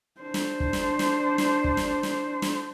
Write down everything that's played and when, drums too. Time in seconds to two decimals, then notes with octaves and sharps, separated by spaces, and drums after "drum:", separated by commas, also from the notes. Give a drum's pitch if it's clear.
0.21 D4 C5
0.34 drum: snare
0.60 drum: kick
0.73 drum: snare
0.99 drum: snare
1.38 drum: snare
1.64 drum: kick
1.77 drum: snare
2.03 drum: snare
2.42 drum: snare